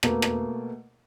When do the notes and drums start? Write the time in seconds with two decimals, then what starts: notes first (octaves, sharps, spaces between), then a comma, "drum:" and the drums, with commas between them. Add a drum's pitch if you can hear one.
0.03 B2 A3 A#3 A#4 B4, drum: rim click
0.22 drum: rim click